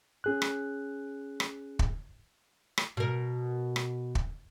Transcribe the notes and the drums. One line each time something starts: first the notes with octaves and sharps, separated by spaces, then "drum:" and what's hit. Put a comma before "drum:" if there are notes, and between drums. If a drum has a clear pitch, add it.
C#4 G#4 F#6
drum: rim click
drum: rim click
drum: kick
drum: rim click
B2 A#4
drum: rim click
drum: kick